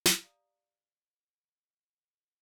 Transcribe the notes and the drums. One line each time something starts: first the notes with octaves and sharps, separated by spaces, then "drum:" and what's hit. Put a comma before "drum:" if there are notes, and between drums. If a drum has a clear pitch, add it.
drum: snare
G4 D5 F5 A#5 D#6